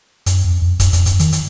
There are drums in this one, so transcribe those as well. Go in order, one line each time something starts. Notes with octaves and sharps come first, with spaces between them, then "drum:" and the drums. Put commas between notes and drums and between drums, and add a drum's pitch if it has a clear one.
F#2, drum: hi-hat
F2
F2
F#2, drum: kick C#1, hi-hat
F2, drum: hi-hat
F#2, drum: hi-hat
D#3, drum: hi-hat
drum: hi-hat